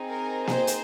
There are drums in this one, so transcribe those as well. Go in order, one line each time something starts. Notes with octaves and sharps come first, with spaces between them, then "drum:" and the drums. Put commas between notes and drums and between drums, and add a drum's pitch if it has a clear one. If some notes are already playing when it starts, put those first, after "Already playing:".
Already playing: C4 D#4 G#4
A#4
C5, drum: snare A#3
drum: hi-hat